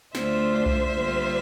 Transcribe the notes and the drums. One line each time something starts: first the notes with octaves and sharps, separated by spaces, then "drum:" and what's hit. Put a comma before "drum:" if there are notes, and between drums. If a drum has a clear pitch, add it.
D2 D3 A3 D4 F4 C5 E5, drum: snare
drum: kick C2
D3 G3 A#3 F4